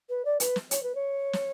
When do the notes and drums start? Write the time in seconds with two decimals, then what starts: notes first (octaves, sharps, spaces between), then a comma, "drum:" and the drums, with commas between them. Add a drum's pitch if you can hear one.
0.09 B4
0.25 D5
0.40 B4, drum: hi-hat
0.56 drum: snare
0.71 C#5, drum: hi-hat
0.83 B4
0.95 C#5
1.33 drum: snare